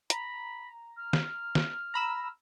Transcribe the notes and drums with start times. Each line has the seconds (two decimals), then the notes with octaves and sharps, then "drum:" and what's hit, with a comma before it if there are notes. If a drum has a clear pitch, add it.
0.10 A#5 B5, drum: hi-hat
0.97 F6
1.13 drum: snare
1.55 drum: snare
1.94 A#5 B5 E6